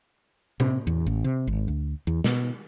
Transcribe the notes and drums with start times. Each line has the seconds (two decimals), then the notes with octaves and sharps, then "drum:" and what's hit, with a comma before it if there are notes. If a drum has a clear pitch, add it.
0.60 C3, drum: tom A2
0.87 E2
1.06 A1
1.24 C3
1.47 G#1
1.68 D2
2.07 E2
2.24 B2, drum: snare